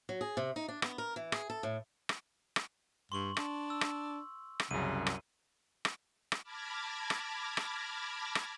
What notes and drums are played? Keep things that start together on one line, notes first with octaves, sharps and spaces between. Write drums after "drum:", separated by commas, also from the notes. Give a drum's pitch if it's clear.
F#3
G#4
C3
D#4
D4
B3, drum: rim click
A#4
E3
G#4, drum: rim click
A4
A2
drum: rim click
drum: rim click
G2 C6 C#6 F#7
D4, drum: rim click
E6
drum: rim click
drum: rim click
C2 F#2 C#3 D#7
drum: rim click
drum: rim click
drum: rim click
A5 B5 D6 F6 G#6 A#6
drum: rim click
drum: rim click
drum: rim click